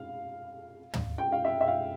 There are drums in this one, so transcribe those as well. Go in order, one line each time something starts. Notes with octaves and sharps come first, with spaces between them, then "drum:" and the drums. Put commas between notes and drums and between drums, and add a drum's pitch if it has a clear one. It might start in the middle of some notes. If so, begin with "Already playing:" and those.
Already playing: F5
drum: tom
G5
F5
E5
E5
F5